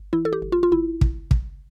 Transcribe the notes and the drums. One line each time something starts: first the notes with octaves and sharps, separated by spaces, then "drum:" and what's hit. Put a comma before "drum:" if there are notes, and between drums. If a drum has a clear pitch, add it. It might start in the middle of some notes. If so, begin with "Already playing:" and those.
Already playing: G1
E3 E4
A4
G4
G1
F4
F4
G1 E4
G1, drum: kick
G1, drum: kick